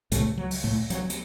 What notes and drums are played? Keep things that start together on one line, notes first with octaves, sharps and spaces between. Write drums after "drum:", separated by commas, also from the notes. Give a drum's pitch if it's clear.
C#2 A2 C#3 A3, drum: hi-hat
F#3
drum: open hi-hat
A2 A3
F#3, drum: hi-hat
drum: hi-hat